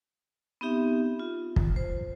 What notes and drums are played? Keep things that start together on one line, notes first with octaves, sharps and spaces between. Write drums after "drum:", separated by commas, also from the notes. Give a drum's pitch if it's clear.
B3 C4 D#4 G4 E5
F4
drum: kick
C5